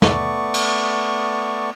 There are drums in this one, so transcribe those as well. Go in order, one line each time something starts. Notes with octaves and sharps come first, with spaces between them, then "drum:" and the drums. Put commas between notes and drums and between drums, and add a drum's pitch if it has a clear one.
A3 B3 D5 C#6, drum: snare
drum: cymbal